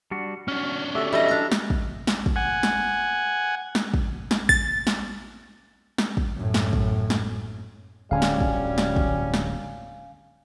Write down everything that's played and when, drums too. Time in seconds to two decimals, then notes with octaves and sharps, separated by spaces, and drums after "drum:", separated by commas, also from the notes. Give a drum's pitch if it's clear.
0.11 G3 D4 F#4
0.48 C#4 D4 F#4 F6
0.95 D3 A3 F#4 G4 D5 E5
1.13 E3 G3 A4 D#5 E5
1.28 D4 A#5
1.52 drum: snare
1.70 drum: kick
2.07 drum: snare
2.26 drum: kick
2.36 F#5 G#5
2.63 drum: snare
3.75 drum: snare
3.94 drum: kick
4.31 drum: snare
4.49 A6, drum: kick
4.87 drum: snare
5.98 drum: snare
6.17 drum: kick
6.36 F#2 A2
6.54 drum: snare
6.73 drum: kick
7.10 drum: snare
8.11 D1 D3 G3 G#3 C#4 F5 G#5
8.22 drum: snare
8.40 drum: kick
8.78 drum: snare
8.96 drum: kick
9.34 drum: snare